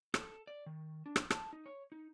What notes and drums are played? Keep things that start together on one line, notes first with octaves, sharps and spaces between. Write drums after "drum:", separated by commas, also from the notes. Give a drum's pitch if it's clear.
A4, drum: rim click
D5
D#3
D4
drum: rim click
A5, drum: rim click
D#4
C#5
D#4